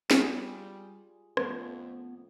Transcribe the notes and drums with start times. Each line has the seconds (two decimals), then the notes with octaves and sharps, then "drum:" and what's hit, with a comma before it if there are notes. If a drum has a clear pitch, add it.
0.11 G3 F4 G#4, drum: snare
1.37 F2 F3 A3 B3 C#4, drum: rim click